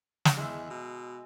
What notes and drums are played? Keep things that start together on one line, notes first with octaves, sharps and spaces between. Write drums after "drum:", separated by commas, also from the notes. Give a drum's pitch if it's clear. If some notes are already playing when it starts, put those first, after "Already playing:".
drum: snare
E2 G#3 E5
B2